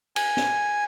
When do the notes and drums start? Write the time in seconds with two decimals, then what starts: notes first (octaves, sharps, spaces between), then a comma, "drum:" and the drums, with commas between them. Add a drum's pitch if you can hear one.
0.16 G#5, drum: cymbal
0.37 drum: snare